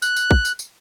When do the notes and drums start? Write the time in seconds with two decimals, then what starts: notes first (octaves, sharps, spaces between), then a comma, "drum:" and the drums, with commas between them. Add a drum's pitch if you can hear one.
0.02 F#6, drum: tambourine
0.16 drum: tambourine
0.31 drum: kick
0.45 drum: tambourine
0.59 drum: tambourine